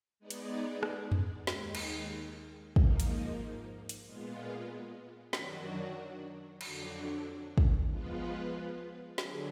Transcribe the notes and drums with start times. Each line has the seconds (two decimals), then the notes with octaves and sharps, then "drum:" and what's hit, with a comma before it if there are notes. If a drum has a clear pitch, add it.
0.19 G#3 B3 D#4 G#4 D5
0.30 drum: hi-hat
0.83 drum: rim click
1.12 drum: tom F2
1.47 D#2 D#3 G#3, drum: snare
1.75 drum: cymbal
2.76 G#2 F3 A#3 D#4, drum: kick
3.00 drum: hi-hat
3.89 drum: hi-hat
4.04 A#2 G#3 B3 F4
5.33 F#2 D#3 F#3 D4 F#4, drum: snare
6.61 F2 D3 F#3 D4, drum: cymbal
7.58 drum: kick
7.89 F3 G#3 B3 F4 B4
9.18 D3 F#3 D4 G#4, drum: snare